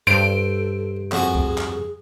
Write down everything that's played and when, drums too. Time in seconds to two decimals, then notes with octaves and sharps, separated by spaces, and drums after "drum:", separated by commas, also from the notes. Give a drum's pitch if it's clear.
0.07 G2 A4 C5 D7
1.12 F2 F#4 G#4 G#5, drum: clap
1.35 drum: kick C#2
1.58 drum: clap